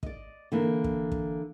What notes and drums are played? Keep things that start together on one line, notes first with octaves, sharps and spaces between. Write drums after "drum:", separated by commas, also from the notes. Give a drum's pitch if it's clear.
D5 D#5, drum: kick
D3 E3 A#3
drum: kick
drum: kick